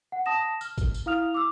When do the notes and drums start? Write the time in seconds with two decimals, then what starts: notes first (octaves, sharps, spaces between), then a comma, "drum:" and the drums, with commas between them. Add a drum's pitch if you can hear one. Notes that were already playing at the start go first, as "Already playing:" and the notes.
0.12 F#5
0.26 A5 D#6 A#6 E7
0.61 F6, drum: tambourine
0.78 drum: kick, tambourine
0.94 drum: tambourine
1.06 E4 F5 D#6 F6 F7
1.35 D6 E6